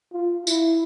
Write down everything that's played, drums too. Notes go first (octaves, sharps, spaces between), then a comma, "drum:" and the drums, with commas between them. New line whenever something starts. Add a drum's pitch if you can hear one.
F4
E4, drum: tambourine